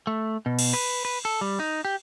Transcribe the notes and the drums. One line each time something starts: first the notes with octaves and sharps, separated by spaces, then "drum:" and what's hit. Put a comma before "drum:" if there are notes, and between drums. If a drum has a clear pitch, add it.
A3
B2
drum: cymbal
B4
B4
A4
G3
D#4
G4